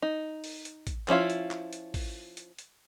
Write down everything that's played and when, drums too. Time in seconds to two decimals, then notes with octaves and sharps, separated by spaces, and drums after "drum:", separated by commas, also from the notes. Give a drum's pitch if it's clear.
0.02 D#4
0.44 drum: open hi-hat
0.65 drum: hi-hat
0.87 drum: kick, hi-hat
1.08 F3 C#4 E4 F4, drum: clap
1.30 drum: hi-hat
1.51 drum: clap
1.73 drum: hi-hat
1.94 drum: kick, open hi-hat
2.37 drum: hi-hat
2.58 drum: hi-hat